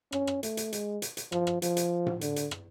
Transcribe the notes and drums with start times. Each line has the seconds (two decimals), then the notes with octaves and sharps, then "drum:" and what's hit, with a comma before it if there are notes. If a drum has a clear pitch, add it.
0.12 C#4, drum: rim click
0.27 drum: rim click
0.43 A3, drum: hi-hat
0.57 drum: hi-hat
0.73 G#3, drum: hi-hat
1.02 drum: hi-hat
1.17 drum: hi-hat
1.32 F3, drum: rim click
1.47 drum: rim click
1.62 F3, drum: hi-hat
1.77 drum: hi-hat
2.06 drum: tom A2
2.21 D3, drum: hi-hat
2.36 drum: hi-hat
2.51 drum: rim click